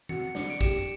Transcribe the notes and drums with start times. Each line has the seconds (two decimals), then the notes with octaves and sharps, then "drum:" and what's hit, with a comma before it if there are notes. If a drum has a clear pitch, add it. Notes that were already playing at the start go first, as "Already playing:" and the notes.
0.09 F#4 C#7, drum: tom D#3
0.35 D4 C#7, drum: snare
0.50 D7
0.61 G4 E7, drum: kick, hi-hat